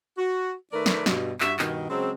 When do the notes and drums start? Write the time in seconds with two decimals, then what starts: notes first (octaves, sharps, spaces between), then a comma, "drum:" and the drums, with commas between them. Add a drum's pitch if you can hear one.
0.17 F#4
0.72 D#3 A3 A#4 B4 D5
0.86 drum: snare
1.06 G2 B2, drum: snare
1.40 G2 F#4 E5, drum: clap
1.59 G2 B2 D#3, drum: clap
1.89 C#3 F#3 G#3 C4